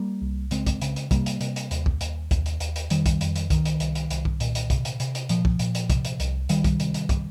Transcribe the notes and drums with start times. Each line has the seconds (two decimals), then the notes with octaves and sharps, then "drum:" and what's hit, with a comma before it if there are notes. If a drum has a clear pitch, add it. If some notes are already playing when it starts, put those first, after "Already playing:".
Already playing: G3 A#3
0.22 C2
0.51 C#3 G#3 C4, drum: hi-hat
0.66 drum: kick, hi-hat
0.82 C#3, drum: hi-hat
0.96 drum: hi-hat
1.11 C3 G3 A#3, drum: kick, hi-hat
1.26 drum: hi-hat
1.41 C3, drum: hi-hat
1.56 drum: hi-hat
1.71 D#2, drum: hi-hat
1.86 drum: kick
2.01 D#2, drum: hi-hat
2.31 D#2, drum: kick, hi-hat
2.46 drum: hi-hat
2.60 D#2, drum: hi-hat
2.76 drum: hi-hat
2.90 F2 D#3 G3, drum: hi-hat
3.06 drum: kick, hi-hat
3.21 F2, drum: hi-hat
3.36 drum: hi-hat
3.50 C2 D#3, drum: kick, hi-hat
3.65 drum: hi-hat
3.80 C2, drum: hi-hat
3.95 drum: hi-hat
4.10 C2, drum: hi-hat
4.25 drum: kick
4.40 A#2, drum: hi-hat
4.55 drum: hi-hat
4.70 C3, drum: kick, hi-hat
4.85 drum: hi-hat
5.00 C3, drum: hi-hat
5.15 drum: hi-hat
5.29 A#2 F3, drum: hi-hat
5.45 drum: kick
5.59 A#2, drum: hi-hat
5.75 drum: hi-hat
5.90 C3, drum: kick, hi-hat
6.05 drum: hi-hat
6.20 C2, drum: hi-hat
6.49 C#2 D#3 G3, drum: hi-hat
6.64 drum: kick, hi-hat
6.80 C3, drum: hi-hat
6.94 drum: hi-hat
7.09 drum: kick, hi-hat